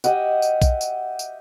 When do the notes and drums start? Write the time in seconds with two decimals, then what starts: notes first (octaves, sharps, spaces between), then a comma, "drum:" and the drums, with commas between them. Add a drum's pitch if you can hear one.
0.04 G4 D#5 E5 F#5, drum: tambourine
0.42 drum: tambourine
0.62 drum: kick B1, tambourine
0.81 drum: tambourine
1.19 drum: tambourine